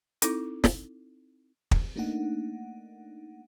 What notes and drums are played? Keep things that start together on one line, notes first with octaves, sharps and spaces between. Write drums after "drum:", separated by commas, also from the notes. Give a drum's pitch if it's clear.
C4 D#4 E4 A4 D6, drum: hi-hat
drum: snare
drum: kick
A3 A#3 D4 D#4 F#5